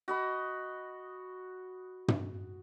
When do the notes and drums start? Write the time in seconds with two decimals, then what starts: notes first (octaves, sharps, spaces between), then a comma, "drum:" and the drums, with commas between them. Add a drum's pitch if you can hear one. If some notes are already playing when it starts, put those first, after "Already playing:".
0.08 F#4 D#5 B5
2.08 drum: tom